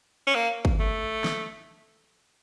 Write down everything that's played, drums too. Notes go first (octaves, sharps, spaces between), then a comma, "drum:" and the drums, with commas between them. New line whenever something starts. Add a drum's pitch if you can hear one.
C#4
A#3
drum: kick
A3
drum: snare